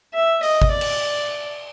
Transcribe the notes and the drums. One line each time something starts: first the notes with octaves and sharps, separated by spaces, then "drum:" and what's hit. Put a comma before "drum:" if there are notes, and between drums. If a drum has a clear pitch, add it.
E5
D#5, drum: open hi-hat
drum: kick G#1
D5
drum: cymbal